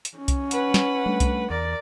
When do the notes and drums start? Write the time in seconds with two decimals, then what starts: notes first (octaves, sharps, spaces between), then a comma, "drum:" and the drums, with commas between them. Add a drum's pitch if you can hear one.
0.05 drum: hi-hat
0.17 C#4
0.28 drum: kick C2, hi-hat
0.51 B4 F#5, drum: hi-hat
0.74 drum: snare
1.06 G3 A3 D4
1.20 drum: kick C2, hi-hat
1.50 E2 A#4 D5